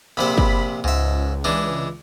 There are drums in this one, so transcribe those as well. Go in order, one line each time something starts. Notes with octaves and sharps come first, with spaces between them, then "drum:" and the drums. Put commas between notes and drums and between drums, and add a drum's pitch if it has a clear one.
A#1 C3 C5 B5
drum: kick
C#2 G#2 E5
E3 G#3 D4